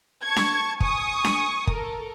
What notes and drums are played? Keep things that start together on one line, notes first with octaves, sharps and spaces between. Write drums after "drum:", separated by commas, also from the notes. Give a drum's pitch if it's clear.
A5 C#6 G#6
drum: snare D4
G#5 C#6 D#6, drum: kick
drum: snare D4
A4 A#4, drum: kick